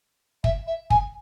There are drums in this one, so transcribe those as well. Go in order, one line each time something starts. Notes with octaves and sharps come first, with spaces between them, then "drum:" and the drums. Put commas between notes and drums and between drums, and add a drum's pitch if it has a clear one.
E5, drum: kick
E5
G#5, drum: kick